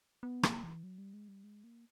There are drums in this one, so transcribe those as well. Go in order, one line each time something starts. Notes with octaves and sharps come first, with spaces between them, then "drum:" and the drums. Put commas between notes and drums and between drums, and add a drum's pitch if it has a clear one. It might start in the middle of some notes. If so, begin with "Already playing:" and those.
B3
A#3, drum: rim click
E3
F#3
G3
G#3
G3
G#3
A#3